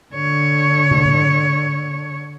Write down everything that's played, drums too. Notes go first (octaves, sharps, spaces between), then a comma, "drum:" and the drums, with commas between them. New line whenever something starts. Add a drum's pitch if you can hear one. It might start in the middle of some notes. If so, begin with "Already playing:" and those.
D3 C#5
drum: tom
drum: tom A2